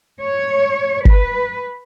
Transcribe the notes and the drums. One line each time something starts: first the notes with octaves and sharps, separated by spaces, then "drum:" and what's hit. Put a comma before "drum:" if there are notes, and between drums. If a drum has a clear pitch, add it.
C#5
B4, drum: kick G1